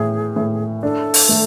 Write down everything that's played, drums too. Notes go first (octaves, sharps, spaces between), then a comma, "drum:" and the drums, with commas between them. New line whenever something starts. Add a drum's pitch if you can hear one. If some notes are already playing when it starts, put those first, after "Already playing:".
Already playing: A2 E3 G#4
A2
D4 A4
drum: open hi-hat
A3